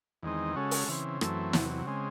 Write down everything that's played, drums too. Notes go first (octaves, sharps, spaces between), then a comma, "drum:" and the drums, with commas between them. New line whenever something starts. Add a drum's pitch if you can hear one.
E2 D#3 G#3 C4 D#4
C#3 G#3 C#4 F#4 A4
drum: open hi-hat
C#3 E3 C4
F#2 E3 A3 C4, drum: rim click
E2 C3 F#3, drum: snare
C#3 G#3 C4